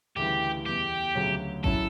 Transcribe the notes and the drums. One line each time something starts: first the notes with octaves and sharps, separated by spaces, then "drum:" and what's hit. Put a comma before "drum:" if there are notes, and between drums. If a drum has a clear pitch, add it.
D2 C#3 E3 G3 G4
E2 B2 G3 G4
D2 C#3 F#3
F#3 C#4 E4 A4, drum: kick A1